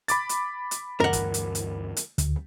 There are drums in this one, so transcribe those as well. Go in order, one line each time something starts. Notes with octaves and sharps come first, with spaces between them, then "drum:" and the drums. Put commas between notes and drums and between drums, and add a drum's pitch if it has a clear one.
B5 D6 A6, drum: hi-hat
drum: hi-hat
drum: hi-hat
D2 G2 E3 A#4 F#5
drum: kick, hi-hat
drum: hi-hat
drum: hi-hat
drum: hi-hat
D2, drum: hi-hat